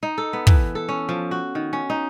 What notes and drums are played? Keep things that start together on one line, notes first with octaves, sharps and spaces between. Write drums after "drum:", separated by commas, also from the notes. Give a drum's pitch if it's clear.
D#4
A4
B3
E3, drum: kick
A4
C#4
F3
F#4
D#3
C#4
D#4